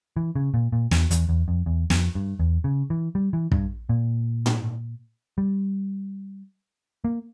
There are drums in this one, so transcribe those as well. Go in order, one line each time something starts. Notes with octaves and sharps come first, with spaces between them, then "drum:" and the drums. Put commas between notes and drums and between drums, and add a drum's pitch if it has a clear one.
E3
C#3
A#2
A#2
E2, drum: snare
E2, drum: hi-hat
E2
F2
E2
F2, drum: snare
G2
E2
C#3
E3
G3
E3
G2, drum: kick
A#2
drum: tom
G3
A#3